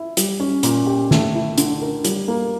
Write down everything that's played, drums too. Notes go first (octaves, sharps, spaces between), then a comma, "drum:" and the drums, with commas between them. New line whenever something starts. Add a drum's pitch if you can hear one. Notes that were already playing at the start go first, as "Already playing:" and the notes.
Already playing: E4
G3, drum: hi-hat
C#4
A#2, drum: hi-hat
G4
A3, drum: snare
E4
D3, drum: hi-hat
A#4
G3, drum: hi-hat
A#3